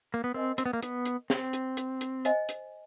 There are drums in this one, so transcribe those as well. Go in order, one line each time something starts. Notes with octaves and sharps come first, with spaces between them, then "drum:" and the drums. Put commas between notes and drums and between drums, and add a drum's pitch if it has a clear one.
A#3
B3
C4 A#4 D#5 G#5
C4, drum: hi-hat
B3
A#3
B3, drum: hi-hat
drum: hi-hat
C4, drum: snare
drum: hi-hat
drum: hi-hat
drum: hi-hat
C5 D#5 G#5, drum: hi-hat
drum: hi-hat